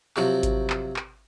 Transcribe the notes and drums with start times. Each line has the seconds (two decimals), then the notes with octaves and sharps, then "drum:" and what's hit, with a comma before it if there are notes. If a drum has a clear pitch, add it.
0.17 C3 F3 F#3, drum: clap
0.43 drum: kick G#1, hi-hat
0.70 drum: clap
0.96 drum: clap